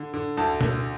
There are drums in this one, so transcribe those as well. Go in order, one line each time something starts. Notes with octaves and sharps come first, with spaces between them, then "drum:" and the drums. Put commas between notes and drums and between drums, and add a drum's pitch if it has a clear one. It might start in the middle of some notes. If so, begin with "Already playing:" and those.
Already playing: D3
D3
D2 A5
D3, drum: tom B2